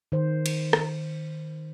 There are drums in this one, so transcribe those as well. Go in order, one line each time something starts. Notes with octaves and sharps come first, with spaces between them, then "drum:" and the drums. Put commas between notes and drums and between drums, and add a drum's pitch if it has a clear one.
D#3 C5
drum: cymbal
drum: rim click